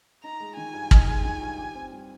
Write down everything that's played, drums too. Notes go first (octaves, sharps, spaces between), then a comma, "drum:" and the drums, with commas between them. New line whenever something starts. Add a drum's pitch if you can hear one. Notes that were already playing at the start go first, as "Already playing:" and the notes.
D#4 A#5
G#3
D#3 G#5
G2
D#4, drum: kick
G#3
D#3
G2
G4
C4
G3